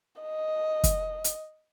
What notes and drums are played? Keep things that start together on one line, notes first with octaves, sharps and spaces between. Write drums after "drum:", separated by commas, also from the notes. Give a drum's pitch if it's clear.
D#5
drum: kick, hi-hat
drum: hi-hat